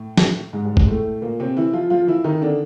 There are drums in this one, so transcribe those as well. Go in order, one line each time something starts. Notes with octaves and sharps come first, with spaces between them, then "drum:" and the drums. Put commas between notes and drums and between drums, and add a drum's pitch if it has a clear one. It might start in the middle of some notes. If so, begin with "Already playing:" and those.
Already playing: A2
drum: snare
G#2 G#3
G3
G#3, drum: kick
A2 A3
A#2 A#3
C3 C4
E3 E4
F3 F4
F3 F4
E3 E4
D#3 D#4
D3 D4